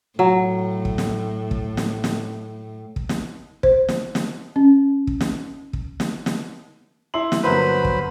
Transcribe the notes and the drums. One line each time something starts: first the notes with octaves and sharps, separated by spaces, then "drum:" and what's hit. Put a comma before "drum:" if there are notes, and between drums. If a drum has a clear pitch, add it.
A2 F#3
drum: kick
drum: snare
drum: kick
drum: snare
drum: snare
drum: kick
drum: snare
C5, drum: kick
drum: snare
drum: snare
C#4
drum: kick
drum: snare
drum: kick
drum: snare
drum: snare
E4 C6 F#7
drum: snare
G1 F#3 A#3 B4 C5 B5
drum: kick